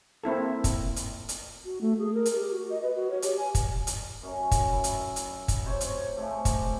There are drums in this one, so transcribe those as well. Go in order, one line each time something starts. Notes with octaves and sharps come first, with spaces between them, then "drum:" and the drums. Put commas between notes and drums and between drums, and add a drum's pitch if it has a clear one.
A#3 C4 E4 A4
drum: kick, hi-hat
drum: hi-hat
drum: hi-hat
F#4
A3
G#4
A#4
drum: hi-hat
G4
F#4
D#5
B4
F#4
C#5
G4, drum: hi-hat
G#5
drum: kick, hi-hat
drum: hi-hat
F#2 C#4 G#5 A#5
drum: kick, hi-hat
E4
drum: hi-hat
drum: hi-hat
drum: kick, hi-hat
C3 C5 C#5
drum: hi-hat
F3 G#3 A3 G4
drum: kick, hi-hat